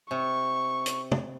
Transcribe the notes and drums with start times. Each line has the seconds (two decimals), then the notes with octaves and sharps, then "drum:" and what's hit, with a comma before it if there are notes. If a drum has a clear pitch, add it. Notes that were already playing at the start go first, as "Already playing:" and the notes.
0.11 C3 C#6
0.86 drum: hi-hat
1.12 drum: tom